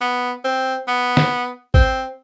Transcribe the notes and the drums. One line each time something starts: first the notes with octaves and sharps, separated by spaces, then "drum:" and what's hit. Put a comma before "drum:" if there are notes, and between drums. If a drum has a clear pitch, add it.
B3
C4
B3
drum: snare
C4, drum: kick G#1